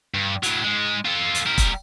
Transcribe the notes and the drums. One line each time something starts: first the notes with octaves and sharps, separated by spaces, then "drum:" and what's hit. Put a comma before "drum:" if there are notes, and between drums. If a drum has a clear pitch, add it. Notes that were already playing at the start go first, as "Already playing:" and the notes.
G2
A2 F#3, drum: hi-hat
G#2 G#3
F4 A4
drum: hi-hat
G3 A#4
drum: kick E1, hi-hat